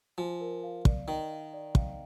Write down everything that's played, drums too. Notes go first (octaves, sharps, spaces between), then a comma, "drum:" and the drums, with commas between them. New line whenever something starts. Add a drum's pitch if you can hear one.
F3 G#5
A#4
F5
D5, drum: kick
D#3 A#4
F5
D5
F5, drum: kick